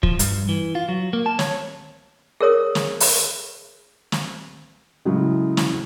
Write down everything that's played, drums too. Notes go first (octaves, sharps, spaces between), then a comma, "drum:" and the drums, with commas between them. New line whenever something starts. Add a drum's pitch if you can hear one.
F3, drum: kick
G2, drum: hi-hat
E3
F4
F#3
A#3
A5
C#5, drum: snare
G#4 A#4 C#5 D#6
drum: snare
drum: open hi-hat
drum: snare
A2 C#3 F#3 G#3
drum: snare